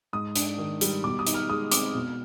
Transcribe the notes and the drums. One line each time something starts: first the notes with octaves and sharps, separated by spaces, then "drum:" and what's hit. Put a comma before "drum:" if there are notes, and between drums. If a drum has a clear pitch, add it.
G#2 D#6
D4, drum: hi-hat
D#3
G3, drum: hi-hat
B2 D6
D#6
D#4, drum: hi-hat
F6
G#3 D#6
C4 D6, drum: hi-hat
B2